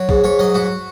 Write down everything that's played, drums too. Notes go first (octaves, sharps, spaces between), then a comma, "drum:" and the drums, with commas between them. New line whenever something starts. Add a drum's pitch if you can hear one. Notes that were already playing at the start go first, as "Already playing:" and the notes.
Already playing: F#3
G#2, drum: kick
G#2 C#5
F#3 D#5
G#2 F#4